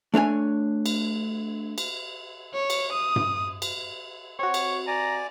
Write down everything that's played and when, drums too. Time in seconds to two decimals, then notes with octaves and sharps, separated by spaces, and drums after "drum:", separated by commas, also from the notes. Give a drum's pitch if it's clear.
0.14 A3 D4 C#5 G#5
0.86 drum: cymbal
1.78 drum: cymbal
2.54 C#5
2.70 drum: cymbal
2.93 D#6
3.16 drum: tom G2
3.62 drum: cymbal
4.39 C4 F#4 C#5
4.54 drum: cymbal
4.87 D5 G#5 A#5